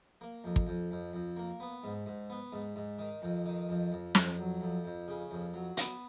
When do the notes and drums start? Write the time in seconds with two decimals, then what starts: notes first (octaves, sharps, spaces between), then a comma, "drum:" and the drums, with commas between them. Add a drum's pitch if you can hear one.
0.21 A#3
0.44 F2
0.56 drum: kick
0.67 F2
0.91 F2
1.13 F2
1.37 A#3
1.60 B3
1.84 G#2
2.06 G#2
2.30 B3
2.53 G#2
2.76 G#2
2.99 D#3
3.22 F2
3.46 D#3
3.69 F2
3.92 F2
4.15 F2, drum: snare
4.39 F#3
4.61 F2
4.84 F2
5.08 C#3
5.31 F2
5.54 F#3
5.77 B3, drum: hi-hat